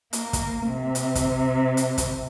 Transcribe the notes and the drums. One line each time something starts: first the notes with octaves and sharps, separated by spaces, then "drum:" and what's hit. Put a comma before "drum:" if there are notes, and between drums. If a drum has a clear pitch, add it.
A#3, drum: hi-hat
drum: kick, hi-hat
C3
drum: hi-hat
drum: kick, hi-hat
drum: hi-hat
drum: kick, hi-hat